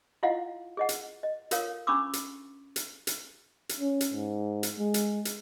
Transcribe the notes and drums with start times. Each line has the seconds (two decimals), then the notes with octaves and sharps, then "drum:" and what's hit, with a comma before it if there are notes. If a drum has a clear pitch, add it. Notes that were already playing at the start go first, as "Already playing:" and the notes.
0.23 E4 F4 D#5 F5 F#5
0.77 G#4 D#5 F#5
0.89 drum: hi-hat
1.23 D#5
1.51 F4 A4 A#4 C#5 F5, drum: hi-hat
1.87 C#4 D4 B5 C#6 D6 E6
2.13 drum: hi-hat
2.76 drum: hi-hat
3.07 drum: hi-hat
3.69 drum: hi-hat
3.80 C#4
4.01 drum: hi-hat
4.13 G#2
4.63 drum: hi-hat
4.79 G#3
4.94 drum: hi-hat
5.25 drum: hi-hat